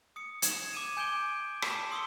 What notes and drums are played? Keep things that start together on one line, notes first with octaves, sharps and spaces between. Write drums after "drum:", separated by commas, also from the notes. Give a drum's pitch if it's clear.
D#6 C#7
G#6 E7, drum: hi-hat
D6 G#6 D#7 E7
G#5 G6 D7 G7
A5 E7, drum: rim click
C6 D#6 E6 C#7 G7